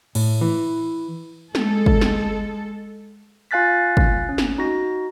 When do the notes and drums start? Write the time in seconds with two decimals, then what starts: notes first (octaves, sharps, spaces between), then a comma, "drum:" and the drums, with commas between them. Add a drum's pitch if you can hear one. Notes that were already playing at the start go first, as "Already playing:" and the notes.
0.15 A2, drum: cymbal
0.41 E3
1.55 G#3 A4, drum: snare
1.86 drum: kick
2.01 drum: snare
3.51 F4 F5 G#5 F#6 A6 B6
3.97 drum: kick
4.29 C#4
4.38 drum: snare
4.58 D#4 F#4 A#6